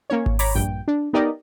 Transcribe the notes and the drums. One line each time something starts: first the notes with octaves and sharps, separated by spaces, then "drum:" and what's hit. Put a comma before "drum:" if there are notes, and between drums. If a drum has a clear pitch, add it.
A#3 C#4 C#5
drum: kick G#1
C#5 A#5 B5 D6, drum: open hi-hat
A#1 G2 G5
D4
B3 D#4 G4 A#4 D5 D#5